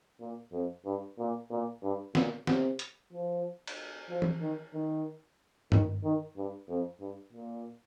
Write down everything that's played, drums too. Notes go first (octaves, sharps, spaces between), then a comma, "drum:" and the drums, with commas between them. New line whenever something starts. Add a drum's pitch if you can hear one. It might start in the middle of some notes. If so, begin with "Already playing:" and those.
A#2
F2
G2
A#2
A#2
G2
A#2, drum: snare
C3, drum: snare
drum: hi-hat
F3
drum: cymbal
F3
drum: tom
D#3
D#3
D#3, drum: tom G2
D#3
G2
F2
G2
A#2